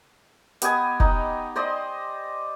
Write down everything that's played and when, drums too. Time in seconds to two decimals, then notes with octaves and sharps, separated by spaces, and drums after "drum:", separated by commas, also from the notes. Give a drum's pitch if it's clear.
0.62 B3 G4 D#5 G#5, drum: hi-hat
1.00 D#4, drum: kick
1.56 C5 D5 D#5 C6